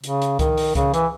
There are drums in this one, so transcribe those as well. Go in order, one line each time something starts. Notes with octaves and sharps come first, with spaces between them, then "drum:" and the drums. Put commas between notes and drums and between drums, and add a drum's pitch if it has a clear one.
C#3, drum: hi-hat
drum: hi-hat
D#3, drum: kick C#2, hi-hat
drum: open hi-hat
C#3, drum: kick C#2, hi-hat
E3, drum: hi-hat